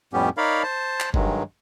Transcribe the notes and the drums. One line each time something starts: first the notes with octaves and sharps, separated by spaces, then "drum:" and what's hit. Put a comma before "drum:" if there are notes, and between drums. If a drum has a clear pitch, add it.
F2 A2 G3 B3 C#4 G4
D#4 A#4 C#5 D5 F5 B5
C5 A5
drum: clap
G2 D#3 F#3 G#3, drum: kick F#1